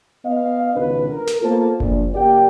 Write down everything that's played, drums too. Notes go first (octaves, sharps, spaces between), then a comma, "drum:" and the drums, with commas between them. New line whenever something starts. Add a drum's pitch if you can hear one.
B3 D#5 F5
C#2 B2 D#3 D4 B4
A#4
drum: snare
A#3 B3 F4 A4 C5 A5
A#1, drum: kick F#1
F#1 A#3 G4 D5 G5